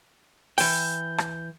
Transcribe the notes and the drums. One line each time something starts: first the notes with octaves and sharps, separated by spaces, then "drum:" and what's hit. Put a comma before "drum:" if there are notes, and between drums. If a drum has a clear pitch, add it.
E3 G5 G6, drum: open hi-hat
drum: rim click